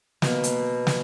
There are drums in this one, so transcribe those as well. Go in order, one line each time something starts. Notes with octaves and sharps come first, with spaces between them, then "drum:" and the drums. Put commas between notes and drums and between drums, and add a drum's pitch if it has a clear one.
B2 A#3, drum: snare
drum: hi-hat
drum: snare